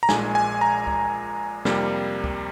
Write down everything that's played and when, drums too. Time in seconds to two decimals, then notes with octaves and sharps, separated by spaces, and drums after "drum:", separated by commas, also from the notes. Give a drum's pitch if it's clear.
0.03 A#5
0.09 A#1 A#2 G#3 G#5, drum: snare
0.35 G#5
0.61 A#5
0.87 drum: kick
1.65 F2 C3 G3 A#3, drum: snare
2.24 drum: kick